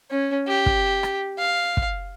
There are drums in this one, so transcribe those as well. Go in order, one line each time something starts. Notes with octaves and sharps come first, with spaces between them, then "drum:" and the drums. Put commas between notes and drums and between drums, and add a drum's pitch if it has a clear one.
C#4
G4
drum: kick
drum: rim click
F5
drum: kick